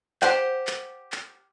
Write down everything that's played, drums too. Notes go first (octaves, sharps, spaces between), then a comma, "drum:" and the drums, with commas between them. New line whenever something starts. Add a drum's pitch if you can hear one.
G4 C5 F#5 G5, drum: clap
drum: clap
drum: clap